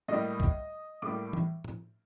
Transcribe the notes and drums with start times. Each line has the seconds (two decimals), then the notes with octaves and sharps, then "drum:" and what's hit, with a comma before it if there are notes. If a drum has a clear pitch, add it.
0.08 A2 G3 A#3 D#5
0.40 drum: kick
1.02 A2 G3 A#3 D6
1.33 drum: tom E3
1.64 drum: tom